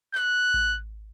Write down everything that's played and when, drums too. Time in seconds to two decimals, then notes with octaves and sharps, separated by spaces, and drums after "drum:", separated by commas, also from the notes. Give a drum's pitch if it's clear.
0.15 F#6, drum: clap
0.54 drum: kick A1